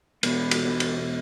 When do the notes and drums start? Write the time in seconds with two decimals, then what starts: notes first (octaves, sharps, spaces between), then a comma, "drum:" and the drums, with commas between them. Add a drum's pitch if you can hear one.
0.23 E2 B2 B3, drum: cymbal
0.51 drum: cymbal
0.65 B3
0.80 drum: cymbal